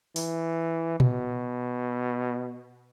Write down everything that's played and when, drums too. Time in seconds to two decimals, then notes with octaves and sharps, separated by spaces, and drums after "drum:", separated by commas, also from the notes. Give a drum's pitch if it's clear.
0.16 E3, drum: open hi-hat
1.00 B2, drum: tom A#2